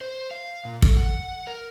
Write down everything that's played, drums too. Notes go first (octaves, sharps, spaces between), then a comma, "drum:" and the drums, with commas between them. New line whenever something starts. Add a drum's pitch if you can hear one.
C5
F5
A#2
A4, drum: kick
F#5
A#4